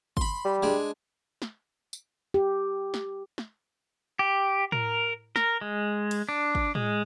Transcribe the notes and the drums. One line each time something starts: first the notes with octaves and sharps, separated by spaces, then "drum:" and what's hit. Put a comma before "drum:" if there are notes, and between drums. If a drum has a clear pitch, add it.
B5 C6, drum: kick
G3
G#3 D4
drum: snare
drum: tambourine
G4
drum: snare
drum: snare
G4
A#4, drum: tom A2
A#4, drum: snare
G#3
drum: cymbal
D4
drum: kick
G#3, drum: tom A2